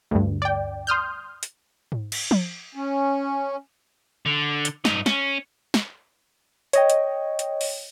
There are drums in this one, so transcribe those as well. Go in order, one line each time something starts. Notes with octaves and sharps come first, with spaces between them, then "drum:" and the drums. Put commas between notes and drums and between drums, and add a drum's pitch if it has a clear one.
D2 G2
D5 G5
C6 D#6 F6 G6
drum: hi-hat
drum: tom G#2
drum: cymbal
drum: tom F3
C#4
D3
drum: hi-hat
G2 D#4, drum: snare
C#4, drum: snare
drum: snare
C#5 D#5 G5, drum: hi-hat
drum: hi-hat
drum: hi-hat
drum: open hi-hat